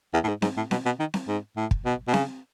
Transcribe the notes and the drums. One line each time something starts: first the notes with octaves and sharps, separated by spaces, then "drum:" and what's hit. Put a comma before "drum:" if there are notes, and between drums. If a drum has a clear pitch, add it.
E2
A2
G#2
G#2, drum: snare C4
A2
B2, drum: snare C4
B2
D#3
drum: snare C4
G#2
A2
drum: kick
B2
B2
C#3, drum: snare C4